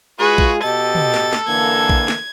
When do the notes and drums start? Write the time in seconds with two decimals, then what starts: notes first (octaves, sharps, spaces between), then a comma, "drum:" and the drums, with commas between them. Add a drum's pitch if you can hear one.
0.19 G#3 F4 F#4 G#4 B4 C#6
0.38 drum: kick A#1
0.63 B2 G4 A4 D#5 A6
0.95 drum: tom
1.14 drum: snare
1.33 drum: snare
1.48 D3 E3 A#3 G#6
1.89 drum: kick A#1
2.08 drum: snare